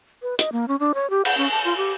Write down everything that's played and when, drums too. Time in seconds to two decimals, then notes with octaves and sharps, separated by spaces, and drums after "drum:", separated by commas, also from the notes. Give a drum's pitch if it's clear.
0.22 B4
0.39 D#5, drum: hi-hat
0.52 A#3
0.68 C#4
0.80 D4
0.95 C#5
1.10 G4
1.25 F#5, drum: cymbal
1.37 C#4
1.51 A5
1.65 F4
1.77 G4